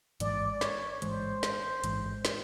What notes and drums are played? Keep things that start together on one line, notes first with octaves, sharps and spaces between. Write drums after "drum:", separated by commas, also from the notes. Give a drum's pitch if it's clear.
A1 G#2 E3 G#3 D5, drum: hi-hat
C#5, drum: snare
A1 G#2 E3 G#3 C5, drum: hi-hat
drum: snare
A1 G#2 E3 G#3, drum: hi-hat
drum: snare